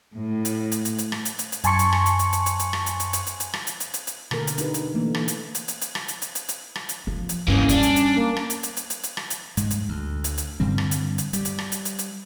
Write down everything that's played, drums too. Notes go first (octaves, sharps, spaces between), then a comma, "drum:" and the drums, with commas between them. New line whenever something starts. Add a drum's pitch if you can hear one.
A2
drum: hi-hat
drum: hi-hat
drum: hi-hat
drum: hi-hat
drum: rim click
drum: hi-hat
drum: hi-hat
drum: hi-hat
F#2 G#5 A5 C6 C#6 C#7, drum: hi-hat
drum: hi-hat
drum: rim click
drum: hi-hat
drum: hi-hat
drum: hi-hat
drum: hi-hat
drum: hi-hat
drum: rim click
drum: hi-hat
drum: hi-hat
drum: hi-hat
drum: hi-hat
drum: hi-hat
drum: rim click
drum: hi-hat
drum: hi-hat
drum: hi-hat
drum: hi-hat
B2 D3 A3 A#4, drum: rim click
drum: hi-hat
D4 D#4 G4 B4, drum: hi-hat
drum: hi-hat
E3 A3 A#3 D4
drum: rim click
drum: hi-hat
drum: hi-hat
drum: hi-hat
drum: hi-hat
drum: rim click
drum: hi-hat
drum: hi-hat
drum: hi-hat
drum: hi-hat
drum: rim click
drum: hi-hat
F3
drum: hi-hat
G2 E3 A#3 C#4
G3 D4, drum: hi-hat
drum: hi-hat
drum: hi-hat
A#3
drum: rim click
drum: hi-hat
drum: hi-hat
drum: hi-hat
drum: hi-hat
drum: hi-hat
drum: rim click
drum: hi-hat
G#2 G#3, drum: hi-hat
drum: hi-hat
D2
drum: hi-hat
drum: hi-hat
G2 D3 G3 C4
drum: rim click
drum: hi-hat
drum: hi-hat
G3, drum: hi-hat
drum: hi-hat
drum: rim click
drum: hi-hat
drum: hi-hat
drum: hi-hat